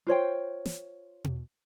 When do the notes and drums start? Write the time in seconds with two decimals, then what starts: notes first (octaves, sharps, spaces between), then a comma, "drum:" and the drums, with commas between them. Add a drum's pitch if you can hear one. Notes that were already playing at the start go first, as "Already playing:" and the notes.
0.07 F4 C5 C#5 G5
0.66 drum: snare
1.24 drum: tom B2